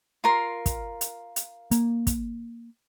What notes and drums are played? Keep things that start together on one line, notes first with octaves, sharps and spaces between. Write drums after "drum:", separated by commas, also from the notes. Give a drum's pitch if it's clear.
F4 A#4 C6
drum: kick, hi-hat
drum: hi-hat
drum: hi-hat
A#3, drum: hi-hat
drum: kick, hi-hat